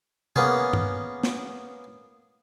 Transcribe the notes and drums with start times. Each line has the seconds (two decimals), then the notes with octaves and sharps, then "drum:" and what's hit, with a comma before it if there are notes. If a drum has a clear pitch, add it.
0.36 A#3 B3 C#4 G#4, drum: tom
0.73 drum: tom G2
1.23 drum: snare